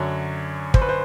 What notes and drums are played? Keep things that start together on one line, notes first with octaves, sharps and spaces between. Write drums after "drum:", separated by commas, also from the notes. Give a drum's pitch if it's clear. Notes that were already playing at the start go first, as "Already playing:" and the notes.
Already playing: F#2 D3 F#3 C#5
C5, drum: kick
B4
C5